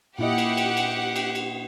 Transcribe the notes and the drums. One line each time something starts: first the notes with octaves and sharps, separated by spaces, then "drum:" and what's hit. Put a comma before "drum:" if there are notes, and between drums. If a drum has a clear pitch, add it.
A#2 E4 G4 D#5 F#5
drum: cymbal
drum: cymbal
drum: cymbal
drum: cymbal
drum: cymbal